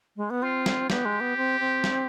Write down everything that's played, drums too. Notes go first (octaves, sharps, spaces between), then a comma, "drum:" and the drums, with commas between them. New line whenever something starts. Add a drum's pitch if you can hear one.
G#3
B3
C4 F4
drum: snare
B3 G4, drum: snare
G#3
B3
C4
C4
drum: snare